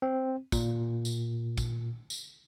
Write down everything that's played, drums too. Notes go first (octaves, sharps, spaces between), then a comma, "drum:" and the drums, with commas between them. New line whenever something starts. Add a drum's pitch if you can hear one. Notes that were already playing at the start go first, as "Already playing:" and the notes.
C4
A#2, drum: kick, tambourine
drum: tambourine
drum: kick, tambourine
drum: tambourine